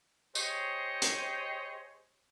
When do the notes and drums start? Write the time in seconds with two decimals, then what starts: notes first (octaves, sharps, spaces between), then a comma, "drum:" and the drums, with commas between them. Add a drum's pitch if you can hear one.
0.35 G4 G#4 C5 C#5 D#5, drum: tambourine
1.02 drum: hi-hat